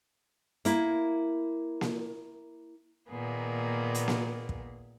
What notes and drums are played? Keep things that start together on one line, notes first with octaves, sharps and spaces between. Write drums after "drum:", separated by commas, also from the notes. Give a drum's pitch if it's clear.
A#3 E4, drum: hi-hat
drum: snare A#3
A#2 D#3 A#3 B3 G#4
drum: hi-hat
drum: snare A#3
drum: kick